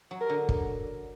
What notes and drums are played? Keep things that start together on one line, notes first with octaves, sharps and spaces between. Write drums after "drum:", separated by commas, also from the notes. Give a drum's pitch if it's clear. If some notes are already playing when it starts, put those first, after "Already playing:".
F#3
A#4
D3
drum: kick